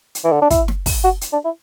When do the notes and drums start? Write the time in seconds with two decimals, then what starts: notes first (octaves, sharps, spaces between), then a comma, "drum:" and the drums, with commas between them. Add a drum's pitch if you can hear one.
0.15 drum: hi-hat
0.24 E3
0.32 D3
0.41 D4
0.50 E4, drum: kick, hi-hat
0.68 drum: snare
0.86 drum: kick, open hi-hat
1.04 F#4
1.21 drum: hi-hat
1.33 D4
1.44 E4